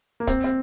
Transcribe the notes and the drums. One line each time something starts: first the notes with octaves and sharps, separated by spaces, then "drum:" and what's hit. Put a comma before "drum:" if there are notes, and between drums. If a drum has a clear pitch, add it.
A#3
C4, drum: kick, hi-hat
C4